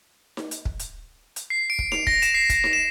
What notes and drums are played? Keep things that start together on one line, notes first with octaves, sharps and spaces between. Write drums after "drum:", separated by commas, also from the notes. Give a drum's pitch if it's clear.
drum: snare D#4
drum: hi-hat
drum: kick
drum: hi-hat
drum: hi-hat
C7
D7
drum: kick
F7, drum: snare D#4
A#6, drum: kick
E7, drum: hi-hat
C7
drum: kick, hi-hat
drum: snare D#4
E7